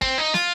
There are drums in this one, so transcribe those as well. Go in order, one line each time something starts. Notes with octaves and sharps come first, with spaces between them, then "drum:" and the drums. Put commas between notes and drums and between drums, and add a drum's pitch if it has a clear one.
C4, drum: kick
D#4
F4, drum: snare